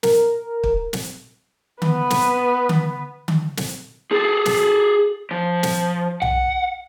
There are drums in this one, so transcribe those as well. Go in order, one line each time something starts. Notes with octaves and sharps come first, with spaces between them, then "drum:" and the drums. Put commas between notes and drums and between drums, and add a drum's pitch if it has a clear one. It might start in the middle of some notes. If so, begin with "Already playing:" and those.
A#4, drum: snare
drum: kick
drum: snare
B3 B4, drum: tom D3
drum: snare
drum: tom D3
drum: tom D3
drum: snare
G#4 A4
drum: snare
F3
drum: snare
F#5, drum: tom B1